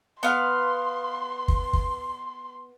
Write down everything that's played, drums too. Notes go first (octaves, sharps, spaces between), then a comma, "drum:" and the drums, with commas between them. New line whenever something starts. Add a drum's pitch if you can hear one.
B3 F5 C6
drum: kick
drum: kick